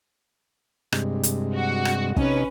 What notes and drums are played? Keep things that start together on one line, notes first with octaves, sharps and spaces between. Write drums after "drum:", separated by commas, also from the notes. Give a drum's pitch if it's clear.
G2 C3 G#3, drum: rim click
drum: hi-hat
F#4
drum: rim click
C3 C#4 D#4 B4, drum: kick